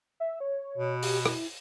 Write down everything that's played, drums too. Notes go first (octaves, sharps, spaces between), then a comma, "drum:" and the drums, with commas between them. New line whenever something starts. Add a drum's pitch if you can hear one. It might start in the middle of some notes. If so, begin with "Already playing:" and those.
E5
C#5
B2
G4, drum: open hi-hat
E4, drum: rim click